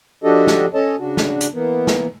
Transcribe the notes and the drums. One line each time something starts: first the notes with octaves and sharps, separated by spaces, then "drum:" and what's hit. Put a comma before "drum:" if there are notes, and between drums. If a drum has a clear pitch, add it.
F3 D4 F#4 G4 A4 D#5
drum: snare
C#4 A4 C#5 D#5 A5
C#3 D4 F#4
drum: snare
drum: hi-hat
E3 A#3 B3
drum: snare